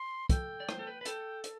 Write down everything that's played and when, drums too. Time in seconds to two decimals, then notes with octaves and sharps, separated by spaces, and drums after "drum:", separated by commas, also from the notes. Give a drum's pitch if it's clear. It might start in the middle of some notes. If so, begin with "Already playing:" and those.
Already playing: C6
0.29 A4 G5, drum: kick, hi-hat
0.60 D5
0.69 C5, drum: rim click
0.79 A4
0.87 B4
1.01 B4
1.05 A4 G5, drum: hi-hat
1.44 drum: hi-hat